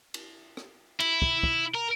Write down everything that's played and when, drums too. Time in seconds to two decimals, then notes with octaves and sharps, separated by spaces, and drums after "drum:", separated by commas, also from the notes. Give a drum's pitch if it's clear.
0.14 drum: cymbal
0.57 drum: rim click
1.00 E4, drum: cymbal
1.22 drum: kick
1.43 drum: kick
1.75 A#4